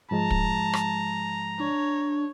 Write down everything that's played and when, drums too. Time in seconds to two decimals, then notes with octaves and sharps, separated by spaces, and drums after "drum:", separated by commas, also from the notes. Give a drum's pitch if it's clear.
0.11 G#2 F3 G#3 A5 A#5
0.31 drum: kick
0.73 drum: rim click
1.59 D4 C#5